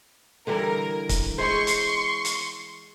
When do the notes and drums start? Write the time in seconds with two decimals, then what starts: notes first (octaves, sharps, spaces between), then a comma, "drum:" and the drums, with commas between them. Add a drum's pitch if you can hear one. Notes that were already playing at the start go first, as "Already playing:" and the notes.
0.47 D3 E3 G3 A#4
1.09 drum: kick C#1, hi-hat
1.38 G#3 E4 C5 C6 C#6
1.67 drum: hi-hat
2.25 drum: hi-hat